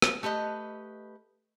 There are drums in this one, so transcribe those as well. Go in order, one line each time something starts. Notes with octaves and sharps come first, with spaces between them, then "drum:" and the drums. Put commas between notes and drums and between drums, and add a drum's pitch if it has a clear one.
drum: rim click
A3 G4 B4 D#5